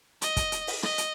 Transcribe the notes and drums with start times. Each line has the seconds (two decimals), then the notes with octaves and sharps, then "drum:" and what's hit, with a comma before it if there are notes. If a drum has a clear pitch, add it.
0.22 D#5, drum: hi-hat
0.37 drum: kick, hi-hat
0.52 drum: hi-hat
0.67 drum: open hi-hat
0.83 D#5, drum: rim click
0.98 drum: hi-hat